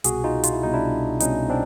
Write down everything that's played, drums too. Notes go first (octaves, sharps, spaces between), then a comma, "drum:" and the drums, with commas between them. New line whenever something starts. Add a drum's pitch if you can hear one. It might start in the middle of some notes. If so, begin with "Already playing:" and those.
C2 B2 F#4 G#4, drum: hi-hat
D#4 F4
F4, drum: hi-hat
E4
C2 B2 D#4
D4 E4
C2 B2 C#4 D#4, drum: hi-hat
C4 D4